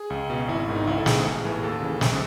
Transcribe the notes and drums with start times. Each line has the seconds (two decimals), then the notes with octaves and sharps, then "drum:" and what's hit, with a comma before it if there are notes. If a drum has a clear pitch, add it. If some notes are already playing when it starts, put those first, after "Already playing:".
Already playing: G#4
0.10 C#2
0.30 B2
0.48 G#1 E4
0.68 G#2 D#3
0.75 D#4
0.87 C#2 E4
0.98 A4
1.06 B2 G#4, drum: snare
1.25 A1
1.44 A2 E3
1.54 G#4
1.63 D#2 A4
1.82 C#3 E3
2.01 B1, drum: snare